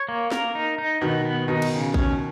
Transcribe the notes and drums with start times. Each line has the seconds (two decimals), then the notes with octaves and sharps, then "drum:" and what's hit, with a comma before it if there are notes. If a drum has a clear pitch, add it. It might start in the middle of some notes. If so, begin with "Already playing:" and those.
Already playing: C#5
0.09 A#3
0.32 A#4, drum: snare
0.55 D#4
0.78 D#4
1.01 B2 D#3 B3
1.25 B3
1.48 B2 D#3 D#4
1.62 drum: cymbal
1.72 C#3
1.94 C#4, drum: kick